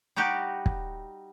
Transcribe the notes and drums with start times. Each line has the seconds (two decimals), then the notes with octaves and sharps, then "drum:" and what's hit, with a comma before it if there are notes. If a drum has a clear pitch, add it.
0.16 G3 D#4 F#4 G4
0.66 drum: kick